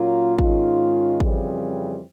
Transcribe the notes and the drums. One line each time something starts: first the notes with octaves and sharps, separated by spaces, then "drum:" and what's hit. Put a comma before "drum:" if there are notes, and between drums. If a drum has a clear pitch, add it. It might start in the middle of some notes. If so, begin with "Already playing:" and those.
Already playing: A#2 F#3 A#3 C#4 F4
G#2 D#3 G#3 C#4 F4, drum: kick G#1
F2 C#3 E3 G3 C4, drum: kick G#1